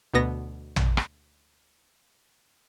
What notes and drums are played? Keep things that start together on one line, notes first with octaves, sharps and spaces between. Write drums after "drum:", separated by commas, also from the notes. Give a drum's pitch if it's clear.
D2 B2 B3 A#6
drum: tom
drum: rim click